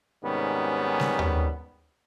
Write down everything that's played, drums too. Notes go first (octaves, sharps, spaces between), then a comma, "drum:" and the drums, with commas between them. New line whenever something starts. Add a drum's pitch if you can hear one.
G#2 C3 D#3 G3 B3 C#4
drum: snare G3
drum: tom D#2